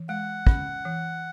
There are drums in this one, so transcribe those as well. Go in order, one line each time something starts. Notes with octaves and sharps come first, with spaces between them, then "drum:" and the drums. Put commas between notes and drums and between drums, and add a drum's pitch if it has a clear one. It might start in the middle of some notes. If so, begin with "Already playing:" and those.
Already playing: E3
G#3 F#5
C#4, drum: kick
E3